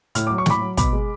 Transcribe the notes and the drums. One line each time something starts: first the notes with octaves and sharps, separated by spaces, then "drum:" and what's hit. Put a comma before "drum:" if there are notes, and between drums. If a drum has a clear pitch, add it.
A2 F6, drum: hi-hat
F#3 D6
C#6
A2 B5 D6, drum: snare
F#3
B2 B5 D6, drum: kick, hi-hat
G#3